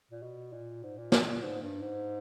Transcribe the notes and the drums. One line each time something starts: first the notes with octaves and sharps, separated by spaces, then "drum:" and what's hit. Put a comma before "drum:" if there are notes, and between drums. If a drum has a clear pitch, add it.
A#2
B2
A#2
G#2
A#2
B2, drum: snare
A#2
G#2
G2
G#2